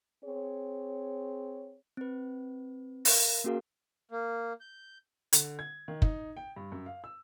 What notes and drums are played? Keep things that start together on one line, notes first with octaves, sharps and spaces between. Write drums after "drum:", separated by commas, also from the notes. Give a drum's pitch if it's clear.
C4 G#4 C#5
C4 B4
A#4 F5 A#6, drum: open hi-hat
A#3 C#4 F#4 G#4 A#4 F5
A#3
G6
D3, drum: hi-hat
G#6
D#3
D#4, drum: kick
G5
G2
F#2
F5
E6